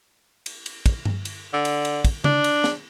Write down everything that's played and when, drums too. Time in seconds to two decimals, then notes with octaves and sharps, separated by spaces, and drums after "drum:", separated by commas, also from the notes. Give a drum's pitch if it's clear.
0.46 drum: cymbal
0.66 drum: cymbal
0.86 drum: kick, cymbal
1.05 drum: tom G2
1.25 drum: cymbal
1.53 D3
1.65 drum: cymbal
1.85 drum: cymbal
2.05 drum: kick, cymbal
2.24 D4, drum: tom C#3
2.44 drum: cymbal
2.64 drum: snare